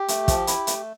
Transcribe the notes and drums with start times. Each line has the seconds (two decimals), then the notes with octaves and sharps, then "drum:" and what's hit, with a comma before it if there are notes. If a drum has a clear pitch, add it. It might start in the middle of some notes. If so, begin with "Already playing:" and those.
Already playing: G4
0.08 A3, drum: hi-hat
0.28 F3, drum: kick, hi-hat
0.47 E4, drum: hi-hat
0.67 A3, drum: hi-hat